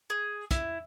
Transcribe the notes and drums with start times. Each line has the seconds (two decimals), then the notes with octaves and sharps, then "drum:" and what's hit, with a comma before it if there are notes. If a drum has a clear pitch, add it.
0.10 G#4
0.51 E4, drum: kick, hi-hat